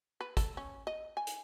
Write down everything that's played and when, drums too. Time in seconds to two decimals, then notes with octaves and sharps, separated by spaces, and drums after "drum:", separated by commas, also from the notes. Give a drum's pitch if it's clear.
0.21 B4
0.37 A4, drum: kick, hi-hat
0.57 C#4
0.87 D#5
1.17 G#5
1.27 drum: hi-hat